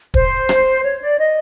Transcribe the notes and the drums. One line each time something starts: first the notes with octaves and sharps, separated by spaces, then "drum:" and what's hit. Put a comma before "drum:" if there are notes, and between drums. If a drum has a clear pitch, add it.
C5, drum: kick
drum: rim click
C#5
D5
D#5